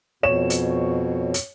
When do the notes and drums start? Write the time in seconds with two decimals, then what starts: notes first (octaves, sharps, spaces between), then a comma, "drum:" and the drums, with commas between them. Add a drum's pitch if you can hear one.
0.23 F2 B2 C#5 E7
0.50 drum: hi-hat
1.34 drum: hi-hat